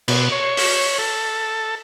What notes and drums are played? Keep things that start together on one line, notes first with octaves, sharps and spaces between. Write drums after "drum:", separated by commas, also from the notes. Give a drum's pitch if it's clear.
B2, drum: cymbal
C#5
drum: open hi-hat
A4